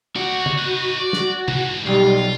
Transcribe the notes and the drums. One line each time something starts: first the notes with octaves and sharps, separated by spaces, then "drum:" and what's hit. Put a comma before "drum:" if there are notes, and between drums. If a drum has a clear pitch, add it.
A3 F#4 D5
drum: tom
D#4 B4
D5
drum: snare
G#2 E3, drum: tom C3
B1 G3 F4